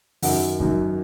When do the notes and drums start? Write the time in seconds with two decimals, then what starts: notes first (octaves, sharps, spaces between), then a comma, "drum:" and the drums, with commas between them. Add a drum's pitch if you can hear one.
0.22 F#2 D#3 F#3 F#5, drum: open hi-hat
0.60 F#2 D#3 F#3, drum: kick